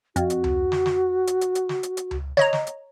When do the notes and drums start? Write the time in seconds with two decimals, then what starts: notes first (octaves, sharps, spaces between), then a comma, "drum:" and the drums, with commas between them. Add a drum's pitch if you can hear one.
0.16 F2 F#4, drum: hi-hat
0.30 drum: hi-hat
0.44 drum: tom C#2
0.72 drum: snare
0.86 drum: snare
1.27 drum: hi-hat
1.41 drum: hi-hat
1.55 drum: hi-hat
1.69 drum: snare
1.83 drum: hi-hat
1.97 drum: hi-hat
2.11 drum: tom C#2
2.37 C#5 D#5 A#5, drum: snare
2.53 drum: snare
2.67 drum: hi-hat